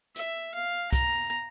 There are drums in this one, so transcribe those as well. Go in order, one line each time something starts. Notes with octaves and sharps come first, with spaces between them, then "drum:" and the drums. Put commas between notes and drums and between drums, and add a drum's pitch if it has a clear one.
E5, drum: hi-hat
F5
A#5, drum: kick C2, hi-hat